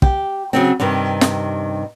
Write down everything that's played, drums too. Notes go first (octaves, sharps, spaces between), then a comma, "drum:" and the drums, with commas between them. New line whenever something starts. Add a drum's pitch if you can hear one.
G4, drum: kick
C#3 F#3 C4
G2 C3 D#3 G3
drum: snare